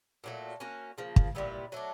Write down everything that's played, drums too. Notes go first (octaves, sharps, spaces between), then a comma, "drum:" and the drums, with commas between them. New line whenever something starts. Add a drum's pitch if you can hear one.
A#2 F#3 A3
A#3 C#4 F#4
C#3 F3 A#3
drum: kick
A#2 G3 B3 E4
F#3 A3 D4